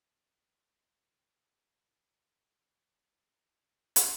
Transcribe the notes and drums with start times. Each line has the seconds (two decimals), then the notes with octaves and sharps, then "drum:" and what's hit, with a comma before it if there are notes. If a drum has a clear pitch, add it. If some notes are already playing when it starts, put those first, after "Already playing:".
0.09 E4
0.21 F#4
0.35 E5
0.66 E5
0.80 C5
1.01 G#4
1.10 A4
1.26 F#4
1.40 G#4
1.70 A4
2.01 C5
2.16 C#5
2.31 C5
2.46 A4
2.91 F#4
3.00 G#4
3.09 F#4
3.20 E4
3.36 D#4
3.51 E4
3.96 drum: hi-hat